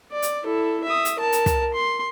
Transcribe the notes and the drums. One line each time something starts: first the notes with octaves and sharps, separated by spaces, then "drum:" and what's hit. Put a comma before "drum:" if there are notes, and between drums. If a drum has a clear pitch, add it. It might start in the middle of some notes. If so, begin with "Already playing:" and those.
D5
drum: hi-hat
E4 A4
E5 D#6
drum: hi-hat
A#4 A5
drum: hi-hat
drum: kick, hi-hat
C6